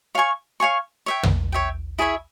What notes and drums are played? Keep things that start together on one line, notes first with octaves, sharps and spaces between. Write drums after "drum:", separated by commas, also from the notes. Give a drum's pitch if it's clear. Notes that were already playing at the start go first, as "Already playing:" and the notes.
C#5 F5 G#5 C#6
C#5 F5 G#5 C#6
C#5 E5 G5
drum: tom
C#5 E5 G5
E4 G#4 C#5 E5